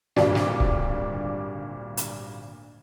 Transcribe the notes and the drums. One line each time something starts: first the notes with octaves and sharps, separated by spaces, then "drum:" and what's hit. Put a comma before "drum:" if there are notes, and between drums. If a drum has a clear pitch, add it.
G#1 D2 A#2 G3 D4, drum: snare
drum: snare
drum: kick C#1
drum: hi-hat